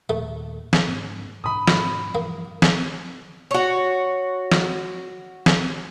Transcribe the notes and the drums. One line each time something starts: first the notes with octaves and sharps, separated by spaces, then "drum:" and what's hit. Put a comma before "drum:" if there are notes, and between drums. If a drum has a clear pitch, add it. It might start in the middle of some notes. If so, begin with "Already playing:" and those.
D#2 A#2 A3
drum: snare
G#2 D3 A#3
G#2 B2 D3 B5 D#6
drum: snare
G2 E3 F3 A#3
drum: snare
F#4 C#5
drum: snare
drum: snare